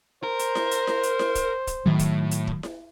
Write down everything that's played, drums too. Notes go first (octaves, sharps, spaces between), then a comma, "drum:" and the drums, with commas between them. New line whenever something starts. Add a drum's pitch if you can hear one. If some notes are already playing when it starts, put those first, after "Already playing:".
A#4 C5
drum: hi-hat
drum: snare E4
drum: hi-hat
drum: snare E4
drum: hi-hat
drum: snare E4
drum: kick, hi-hat
drum: kick, hi-hat
A2 D#3 F#3
drum: kick, hi-hat
drum: hi-hat
drum: kick
drum: snare E4